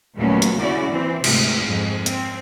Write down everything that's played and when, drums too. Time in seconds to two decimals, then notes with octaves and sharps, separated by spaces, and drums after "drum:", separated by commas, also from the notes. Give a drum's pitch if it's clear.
0.16 D#2 A#2 F#3 A3 B3 C#4
0.42 drum: hi-hat
0.59 C#3 C#4 E4 F#4 D5
0.90 E3 C4
1.24 D2 G#2 C3, drum: cymbal
1.67 F2 G#2 G#3
2.06 C4, drum: hi-hat